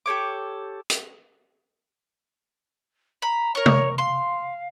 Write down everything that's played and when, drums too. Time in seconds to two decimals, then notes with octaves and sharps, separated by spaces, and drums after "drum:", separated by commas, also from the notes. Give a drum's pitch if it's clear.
0.06 G4 A4 C#5 D6
0.90 drum: hi-hat
3.22 A#5 B5
3.55 A#4 C#5 C#6
3.66 drum: tom C3
3.98 F5 C6